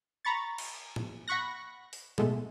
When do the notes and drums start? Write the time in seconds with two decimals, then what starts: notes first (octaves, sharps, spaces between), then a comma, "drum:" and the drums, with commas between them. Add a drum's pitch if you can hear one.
0.25 A#5 B5 C#6 A6
0.58 drum: cymbal
0.96 drum: tom A2
1.28 F#5 B5 C#6 F#6 A#6
1.93 drum: open hi-hat
2.18 B2 G#3 A3, drum: tom A2